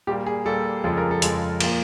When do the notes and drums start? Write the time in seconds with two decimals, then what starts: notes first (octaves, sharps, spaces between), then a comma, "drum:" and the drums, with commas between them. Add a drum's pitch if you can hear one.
0.07 A#2 G3 A#3 G4
0.26 G#4
0.46 A#2 G3 A#3 A4
0.84 F2 C#3 F3 G#3 A4
0.97 A#4
1.11 A4
1.22 F2 C#3 F3 G#3, drum: hi-hat
1.61 A#2 F3 A#3, drum: cymbal